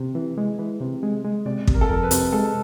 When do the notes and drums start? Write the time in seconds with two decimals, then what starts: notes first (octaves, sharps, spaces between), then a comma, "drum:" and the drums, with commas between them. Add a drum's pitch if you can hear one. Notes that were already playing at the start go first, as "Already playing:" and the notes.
Already playing: C3
0.15 E3
0.37 G#3
0.59 E3
0.80 C3
1.03 G#3
1.25 G#3
1.46 C3 D5
1.67 C3, drum: kick
1.74 A#4
1.81 A4
1.89 F2 A#4
2.03 B4
2.11 C3, drum: hi-hat
2.33 G#3 A4